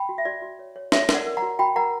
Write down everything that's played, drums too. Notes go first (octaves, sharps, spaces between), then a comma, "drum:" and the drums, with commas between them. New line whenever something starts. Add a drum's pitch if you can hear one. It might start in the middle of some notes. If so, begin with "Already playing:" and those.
Already playing: G5 B5
F#4
E5
F#4 D5
F#4
C#5
C#5
F#4 C#5 E5, drum: snare
A#4, drum: snare
D5 F#5
A#4
F#5 A#5
F#4
F#4 G5 B5
A#4 F#5 A#5